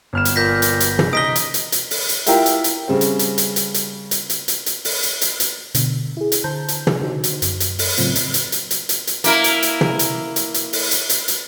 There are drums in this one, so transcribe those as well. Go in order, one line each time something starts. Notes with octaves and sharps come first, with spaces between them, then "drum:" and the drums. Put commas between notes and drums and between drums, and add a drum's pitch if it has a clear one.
G1 F6 E7
drum: hi-hat
A#2 G6 A#6 B6
drum: hi-hat
drum: hi-hat
drum: tom
D#4 D#6 A#6 B6 D7 G7
drum: hi-hat
drum: hi-hat
drum: hi-hat
drum: open hi-hat
drum: hi-hat
E4 F4 G4 A#4 E5 G5, drum: hi-hat
drum: hi-hat
drum: hi-hat
C#3 G3 C4
drum: hi-hat
drum: hi-hat
drum: hi-hat
drum: hi-hat
drum: hi-hat
drum: hi-hat
drum: hi-hat
drum: hi-hat
drum: hi-hat
drum: open hi-hat
drum: hi-hat
drum: hi-hat
drum: hi-hat
B2 D3, drum: hi-hat
E4 G#4
drum: hi-hat
D3 C5 A5 A#5 G6
drum: hi-hat
drum: tom
D3 D#4 F#4 C5
drum: hi-hat
F#2, drum: hi-hat
drum: hi-hat
drum: open hi-hat
A2 C#3 F#3 C4 F4, drum: hi-hat
drum: hi-hat
drum: hi-hat
drum: hi-hat
drum: hi-hat
drum: hi-hat
drum: hi-hat
A#3 E4 A#4, drum: hi-hat
drum: hi-hat
drum: hi-hat
drum: tom
drum: hi-hat
drum: hi-hat
drum: hi-hat
drum: open hi-hat
drum: hi-hat
drum: hi-hat
drum: hi-hat